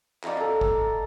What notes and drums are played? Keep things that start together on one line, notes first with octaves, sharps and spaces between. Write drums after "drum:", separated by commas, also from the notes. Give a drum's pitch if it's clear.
D5 D#5 F5 A#5, drum: clap
A4 A#5
drum: kick